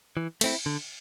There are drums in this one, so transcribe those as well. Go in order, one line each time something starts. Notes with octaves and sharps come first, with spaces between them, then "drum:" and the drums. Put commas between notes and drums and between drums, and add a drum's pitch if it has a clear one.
E3
A3 C4 E4, drum: cymbal
D3